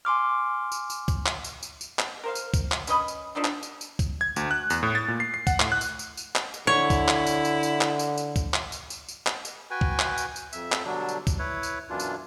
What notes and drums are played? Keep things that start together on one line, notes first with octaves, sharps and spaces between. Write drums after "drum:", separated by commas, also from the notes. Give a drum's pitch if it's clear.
G#5 C6 D6 F6
drum: tambourine
drum: tambourine
drum: kick, tambourine
drum: clap
drum: tambourine
drum: tambourine
drum: tambourine
drum: clap
A#4 C5 F5
drum: tambourine
drum: kick, tambourine
drum: clap
C#4 B4 D#5 B5, drum: tambourine
drum: tambourine
F3 D4 D#4 A4
drum: clap
drum: tambourine
drum: tambourine
drum: kick, tambourine
G#6
D2, drum: tambourine
F#6
E2, drum: tambourine
A2
A6
A#2
C7
C7
F#5, drum: kick, tambourine
A2, drum: clap
F#6
drum: tambourine
drum: tambourine
drum: tambourine
drum: clap
drum: tambourine
D3 E4 C#5
drum: kick, tambourine
drum: clap
drum: tambourine
drum: tambourine
drum: tambourine
drum: clap
drum: tambourine
drum: tambourine
drum: kick, tambourine
drum: clap
drum: tambourine
drum: tambourine
drum: tambourine
drum: clap
drum: tambourine
F#4 B4 G5 G#5
drum: kick
drum: clap
drum: tambourine
drum: tambourine
F2 E5, drum: tambourine
drum: clap
B2 D3 F#3 G3 D4
drum: tambourine
drum: kick, tambourine
E4 B4 C#5
drum: tambourine
F#2 B2 E3 D4 F4
drum: tambourine